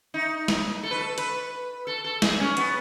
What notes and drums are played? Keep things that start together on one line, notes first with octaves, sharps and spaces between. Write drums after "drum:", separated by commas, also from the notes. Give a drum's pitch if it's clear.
D#4
drum: snare
A4
B4
A4
B4, drum: hi-hat
A4
A4
G#4, drum: snare
C#4
B3, drum: hi-hat